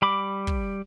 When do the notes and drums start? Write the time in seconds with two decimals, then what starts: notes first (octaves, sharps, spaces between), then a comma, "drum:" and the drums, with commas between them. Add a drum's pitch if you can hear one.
0.02 G3 B5 D6
0.47 drum: kick